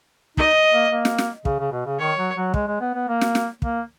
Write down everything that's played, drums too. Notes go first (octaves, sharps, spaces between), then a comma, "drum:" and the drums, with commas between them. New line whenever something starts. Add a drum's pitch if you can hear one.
D#4 D#5, drum: kick
A#3
A#3
drum: snare
drum: snare
C#3, drum: kick
C#3
B2
C#3
D#3 C#5
F#3
F#3
G#3, drum: kick
G#3
B3
B3
A#3
drum: snare
drum: snare
A#3, drum: kick